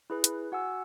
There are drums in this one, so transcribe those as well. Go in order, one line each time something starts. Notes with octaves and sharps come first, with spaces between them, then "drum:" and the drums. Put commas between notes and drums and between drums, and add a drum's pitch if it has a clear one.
E4 G#4 B4
drum: hi-hat
F#4 F#5 G#5 E6